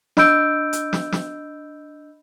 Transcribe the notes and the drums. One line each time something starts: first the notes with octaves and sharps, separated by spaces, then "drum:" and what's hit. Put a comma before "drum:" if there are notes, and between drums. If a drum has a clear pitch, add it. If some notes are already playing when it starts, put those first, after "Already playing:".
D4 D#5 B5 E6 G6 D7, drum: snare
drum: hi-hat
drum: snare
drum: snare